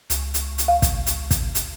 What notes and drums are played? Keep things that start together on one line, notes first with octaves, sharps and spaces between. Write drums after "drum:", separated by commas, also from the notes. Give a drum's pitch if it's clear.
C#2, drum: hi-hat
drum: hi-hat
drum: hi-hat
F5
drum: kick, hi-hat
drum: hi-hat
drum: kick, hi-hat
drum: hi-hat